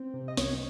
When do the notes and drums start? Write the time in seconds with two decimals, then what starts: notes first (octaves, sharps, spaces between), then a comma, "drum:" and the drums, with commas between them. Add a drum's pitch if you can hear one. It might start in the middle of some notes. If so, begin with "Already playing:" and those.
Already playing: C4
0.14 C3
0.28 D#5
0.37 C2 C#5, drum: snare